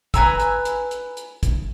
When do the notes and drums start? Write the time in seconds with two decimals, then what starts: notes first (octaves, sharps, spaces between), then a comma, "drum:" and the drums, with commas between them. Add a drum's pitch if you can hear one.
0.14 B4 G#5 A#5 E6, drum: kick, hi-hat
0.40 drum: hi-hat
0.65 drum: hi-hat
0.91 drum: hi-hat
1.17 drum: hi-hat
1.43 drum: kick, hi-hat